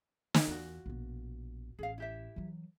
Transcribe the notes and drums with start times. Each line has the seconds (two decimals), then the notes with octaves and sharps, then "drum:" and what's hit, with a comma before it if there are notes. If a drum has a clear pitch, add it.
0.34 drum: snare
0.47 E2 F4 F#4
0.86 A#1 B2
1.79 A1 G#4 F5
1.98 E4 G4 E5
2.36 E3 F#3